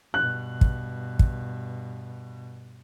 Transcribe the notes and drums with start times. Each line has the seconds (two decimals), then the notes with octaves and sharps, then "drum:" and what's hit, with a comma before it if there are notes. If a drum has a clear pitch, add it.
0.14 G2 B2 F#6
0.61 drum: kick
1.19 drum: kick